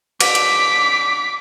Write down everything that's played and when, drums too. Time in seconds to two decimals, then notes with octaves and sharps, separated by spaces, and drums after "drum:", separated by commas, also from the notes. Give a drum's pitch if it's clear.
0.20 D6 B6, drum: cymbal
0.35 drum: hi-hat